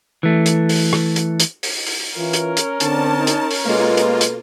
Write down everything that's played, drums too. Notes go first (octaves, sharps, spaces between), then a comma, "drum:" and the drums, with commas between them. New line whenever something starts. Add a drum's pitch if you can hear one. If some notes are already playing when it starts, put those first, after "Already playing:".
E3 A3
drum: hi-hat
drum: open hi-hat
drum: rim click
drum: hi-hat
drum: hi-hat
drum: open hi-hat
drum: open hi-hat
E3 C#4 F4 A#4
drum: hi-hat
drum: hi-hat
D3 C4 D4 A5, drum: hi-hat
D#4
drum: hi-hat
drum: open hi-hat
B2 G#3 A#3 F4 A4 B4
drum: hi-hat
drum: hi-hat